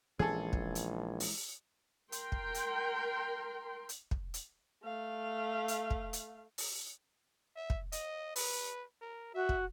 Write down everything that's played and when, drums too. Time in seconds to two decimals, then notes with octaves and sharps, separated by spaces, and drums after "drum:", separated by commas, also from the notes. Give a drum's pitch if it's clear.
0.19 A#1 E3 G#3 C#4 G#4 A4
0.53 drum: kick
0.75 drum: hi-hat
1.20 drum: open hi-hat
2.12 A#4 G5 C6, drum: hi-hat
2.32 drum: kick
2.54 drum: hi-hat
3.89 drum: hi-hat
4.11 drum: kick
4.34 drum: hi-hat
4.83 A3 F5
5.68 drum: hi-hat
5.91 drum: kick
6.13 drum: hi-hat
6.58 drum: open hi-hat
7.56 E5
7.70 drum: kick
7.92 D#5, drum: hi-hat
8.36 B4, drum: open hi-hat
9.01 A#4
9.34 F#4 E5
9.49 drum: kick